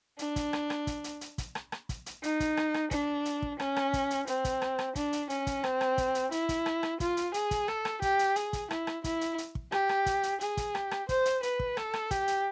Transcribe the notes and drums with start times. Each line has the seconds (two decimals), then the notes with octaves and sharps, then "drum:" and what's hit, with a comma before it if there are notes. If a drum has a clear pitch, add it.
0.19 D4, drum: hi-hat
0.36 drum: kick, hi-hat
0.53 drum: rim click
0.70 drum: rim click
0.87 drum: kick, hi-hat
1.04 drum: hi-hat
1.21 drum: hi-hat
1.38 drum: kick, hi-hat
1.55 drum: rim click
1.72 drum: rim click
1.89 drum: kick, hi-hat
2.06 drum: hi-hat
2.23 D#4, drum: hi-hat
2.40 drum: kick, hi-hat
2.57 drum: rim click
2.74 drum: rim click
2.91 D4, drum: kick, hi-hat
3.25 drum: hi-hat
3.42 drum: kick
3.60 C#4, drum: rim click
3.76 drum: rim click
3.93 drum: kick, hi-hat
4.11 drum: hi-hat
4.27 C4, drum: hi-hat
4.45 drum: kick, hi-hat
4.62 drum: rim click
4.79 drum: rim click
4.95 D4, drum: kick, hi-hat
5.13 drum: hi-hat
5.30 C#4, drum: hi-hat
5.47 drum: kick, hi-hat
5.64 C4, drum: rim click
5.81 drum: rim click
5.98 drum: kick, hi-hat
6.15 drum: hi-hat
6.32 E4, drum: hi-hat
6.49 drum: kick, hi-hat
6.66 drum: rim click
6.83 drum: rim click
7.00 F4, drum: kick, hi-hat
7.17 drum: hi-hat
7.34 G#4, drum: hi-hat
7.51 drum: kick, hi-hat
7.68 A4, drum: rim click
7.85 drum: rim click
8.02 G4, drum: kick, hi-hat
8.19 drum: hi-hat
8.36 G#4, drum: hi-hat
8.53 drum: kick, hi-hat
8.71 E4, drum: rim click
8.87 drum: rim click
9.04 E4, drum: kick, hi-hat
9.21 drum: hi-hat
9.38 drum: hi-hat
9.55 drum: kick
9.72 G4, drum: rim click
9.89 drum: rim click
10.06 drum: kick, hi-hat
10.23 drum: hi-hat
10.41 G#4, drum: hi-hat
10.57 drum: kick, hi-hat
10.75 G4, drum: rim click
10.91 drum: rim click
11.09 C5, drum: kick, hi-hat
11.25 drum: hi-hat
11.43 B4, drum: hi-hat
11.59 drum: kick
11.77 A4, drum: rim click
11.94 drum: rim click
12.11 G4, drum: kick, hi-hat
12.28 drum: hi-hat